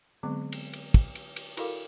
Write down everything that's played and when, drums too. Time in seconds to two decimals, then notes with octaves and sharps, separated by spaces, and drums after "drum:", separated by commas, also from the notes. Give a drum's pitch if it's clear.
0.23 D3 F#3 G#3 B3 C4
0.52 drum: cymbal
0.73 drum: cymbal
0.94 drum: kick, cymbal
1.15 drum: cymbal
1.36 drum: cymbal
1.57 E4 F#4 A4 A#4 F5 D6, drum: cymbal